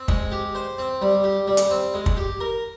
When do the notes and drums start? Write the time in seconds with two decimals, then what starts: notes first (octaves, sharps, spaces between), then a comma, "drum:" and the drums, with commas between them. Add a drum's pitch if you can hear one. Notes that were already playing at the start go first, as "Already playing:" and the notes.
Already playing: C4
0.08 G#3, drum: kick
0.32 G4
0.55 C5
0.78 C4
1.02 G3
1.24 G4
1.47 G3
1.57 drum: hi-hat
1.70 C4
1.94 G#3
2.06 drum: kick
2.17 G4
2.41 A#4